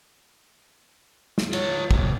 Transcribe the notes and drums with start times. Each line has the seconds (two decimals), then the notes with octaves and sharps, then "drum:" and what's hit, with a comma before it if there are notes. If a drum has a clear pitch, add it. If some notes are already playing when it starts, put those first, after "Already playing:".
1.38 drum: snare
1.53 F4 C#5, drum: cymbal
1.91 C3 F#3, drum: kick